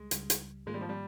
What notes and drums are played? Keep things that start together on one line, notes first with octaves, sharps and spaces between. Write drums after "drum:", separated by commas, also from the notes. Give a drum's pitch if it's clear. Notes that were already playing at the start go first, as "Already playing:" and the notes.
Already playing: C#2 C#3 G3 G#3
C#2 C#3 G3, drum: hi-hat
drum: hi-hat
G#2 D#3 G#3 A#3 F4
G3
F3
G3